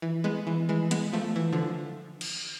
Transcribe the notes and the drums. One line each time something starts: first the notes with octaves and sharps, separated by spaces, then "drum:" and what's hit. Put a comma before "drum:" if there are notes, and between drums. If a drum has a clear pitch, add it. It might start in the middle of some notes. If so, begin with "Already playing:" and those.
E3
G#3 B3
E3
E3 G#3
G#3 B3, drum: hi-hat
F3 A3
E3
D3 F3
drum: cymbal